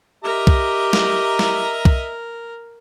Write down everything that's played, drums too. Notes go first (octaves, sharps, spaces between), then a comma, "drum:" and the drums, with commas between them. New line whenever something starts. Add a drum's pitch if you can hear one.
G4 A#4 D#5 E5 A#5
drum: kick
drum: snare
drum: snare
drum: kick